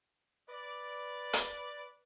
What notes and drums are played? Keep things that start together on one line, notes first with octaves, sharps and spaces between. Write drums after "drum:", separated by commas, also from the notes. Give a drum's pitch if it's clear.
B4 D5
drum: hi-hat